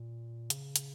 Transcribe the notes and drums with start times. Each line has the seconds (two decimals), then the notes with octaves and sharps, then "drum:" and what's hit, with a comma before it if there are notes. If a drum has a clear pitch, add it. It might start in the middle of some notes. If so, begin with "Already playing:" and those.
Already playing: A#2
0.50 C#3, drum: hi-hat
0.76 drum: hi-hat